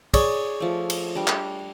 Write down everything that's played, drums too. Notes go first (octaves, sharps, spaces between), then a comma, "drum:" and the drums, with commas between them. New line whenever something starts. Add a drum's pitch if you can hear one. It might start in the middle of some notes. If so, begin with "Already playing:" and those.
G#4 C#5 D5, drum: kick, cymbal
F3 A3
drum: cymbal
G3 D4
drum: clap